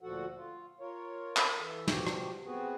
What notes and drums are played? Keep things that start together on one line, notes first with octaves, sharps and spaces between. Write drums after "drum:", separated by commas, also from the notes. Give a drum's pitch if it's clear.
D2 A#2 F3 F#4 A4 F#5
F4
F4 A#4 C#5
drum: clap
E3 A4
B2 F3 F#4 G4, drum: snare
drum: rim click
B3 C4 F#4 G#4 B4